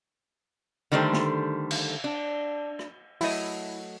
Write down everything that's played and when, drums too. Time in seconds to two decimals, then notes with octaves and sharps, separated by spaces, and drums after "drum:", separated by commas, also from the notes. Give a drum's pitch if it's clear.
0.92 D3 D#3 G3 A3 D4 C5
1.13 drum: snare
1.71 drum: cymbal
2.04 D4
2.79 drum: rim click
3.21 F#3 A3 E4 D#5, drum: open hi-hat